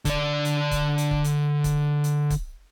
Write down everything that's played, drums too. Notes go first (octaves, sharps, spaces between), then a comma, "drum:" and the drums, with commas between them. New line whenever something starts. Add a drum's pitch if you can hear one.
D3 D5, drum: kick, hi-hat
drum: hi-hat
drum: kick, hi-hat
drum: hi-hat
drum: kick
drum: hi-hat
drum: kick, hi-hat
drum: hi-hat
drum: kick, hi-hat